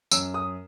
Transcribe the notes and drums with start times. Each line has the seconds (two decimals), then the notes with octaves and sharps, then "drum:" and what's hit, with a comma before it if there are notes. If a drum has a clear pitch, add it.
0.11 F#2 E6, drum: tambourine
0.34 D#6